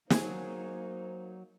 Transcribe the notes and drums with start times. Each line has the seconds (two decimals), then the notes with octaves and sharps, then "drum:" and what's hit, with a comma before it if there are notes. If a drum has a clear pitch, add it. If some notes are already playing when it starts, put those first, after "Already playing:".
0.10 F#3 A#3 D#4 G#4 C5 G#5, drum: snare